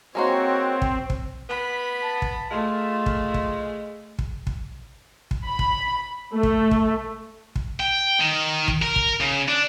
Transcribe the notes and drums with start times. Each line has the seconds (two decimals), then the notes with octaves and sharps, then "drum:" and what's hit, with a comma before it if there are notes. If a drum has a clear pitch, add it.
0.15 G#3 A#3 C4 F#4 C5 C#5
0.82 drum: kick
1.10 drum: kick
1.49 B3 B5
2.03 A5
2.22 drum: kick
2.51 G#3 A3 F4
3.06 drum: kick
3.34 drum: kick
4.19 drum: kick
4.47 drum: kick
5.31 drum: kick
5.45 B5
5.59 drum: kick
6.33 A3
6.43 drum: kick
6.71 drum: kick
7.56 drum: kick
7.80 G5
8.20 D#3
8.68 drum: kick
8.82 A#4
8.96 drum: kick
9.20 C#3
9.48 D4